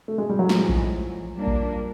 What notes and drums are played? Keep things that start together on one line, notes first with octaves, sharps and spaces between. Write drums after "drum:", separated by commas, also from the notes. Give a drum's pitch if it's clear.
A3
G#3
G3
F#3
A2 E3 F3 G#3, drum: snare
drum: kick A#1
G3 A#3 D4
drum: kick A#1